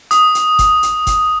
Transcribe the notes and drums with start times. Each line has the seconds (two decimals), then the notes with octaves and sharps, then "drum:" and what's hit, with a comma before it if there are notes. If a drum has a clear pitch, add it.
0.11 D#6, drum: hi-hat
0.35 drum: hi-hat
0.59 drum: kick G1, hi-hat
0.83 drum: hi-hat
1.07 drum: kick G1, hi-hat